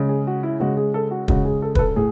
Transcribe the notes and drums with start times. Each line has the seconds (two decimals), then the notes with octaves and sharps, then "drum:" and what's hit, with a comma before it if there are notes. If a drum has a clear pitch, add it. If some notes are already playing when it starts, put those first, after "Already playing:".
Already playing: C#3 G#3
0.09 G#4
0.27 F#4
0.43 E4
0.60 C#3 G#3 F#4
0.77 G#4
0.94 A4
1.11 F#4
1.28 C#3 G#3 F#4, drum: kick
1.45 G#4
1.62 A4
1.75 B4, drum: kick
1.79 A4
1.96 A2 G#4